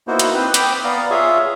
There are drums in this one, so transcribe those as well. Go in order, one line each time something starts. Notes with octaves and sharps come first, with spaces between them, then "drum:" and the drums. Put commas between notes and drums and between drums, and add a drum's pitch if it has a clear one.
A#3 B3 D#4 E4 F#4 C5
drum: hi-hat
C4 B4 C5
G5 B5 D6 D#6, drum: hi-hat
B3 D5 F5 A#5
F4 G#4 C#5 E5 F5